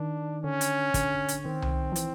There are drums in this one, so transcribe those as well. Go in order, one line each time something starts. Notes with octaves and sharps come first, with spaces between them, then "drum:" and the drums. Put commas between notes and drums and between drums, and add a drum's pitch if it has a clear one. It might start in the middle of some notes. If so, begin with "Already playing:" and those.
Already playing: D#3 D4
D3 C#4
drum: hi-hat
D3, drum: kick, hi-hat
drum: hi-hat
D#3 C4
drum: tom C2
F3
E3, drum: hi-hat